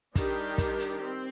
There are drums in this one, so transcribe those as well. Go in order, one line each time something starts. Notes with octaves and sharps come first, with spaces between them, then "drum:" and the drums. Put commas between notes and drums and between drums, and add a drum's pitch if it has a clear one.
D#3 G3 D4 G4, drum: kick, hi-hat
drum: kick, hi-hat
drum: hi-hat
C4